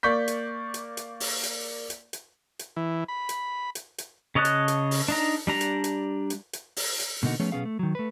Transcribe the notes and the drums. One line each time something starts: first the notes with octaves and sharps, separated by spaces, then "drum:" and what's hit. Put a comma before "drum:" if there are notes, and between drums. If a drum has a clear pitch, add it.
A#3 D5 C#6 G6 B6
drum: hi-hat
drum: hi-hat
drum: hi-hat
drum: open hi-hat
drum: hi-hat
drum: hi-hat
drum: hi-hat
drum: hi-hat
E3
B5
drum: hi-hat
drum: hi-hat
drum: hi-hat
C#3 C#5 D#5 A5 F#6
drum: hi-hat
drum: hi-hat
drum: open hi-hat
D4 D#4 A#5
G3 D4 A#5
drum: hi-hat
drum: hi-hat
drum: hi-hat
drum: hi-hat
drum: open hi-hat
drum: hi-hat
B2 D3 A#3 D#4 F#4
F3 A3 B3 C#4 G#4 C#5
B1 F2 B3 C#4 G#4 F5
A3
D#3 F#3
A3 B4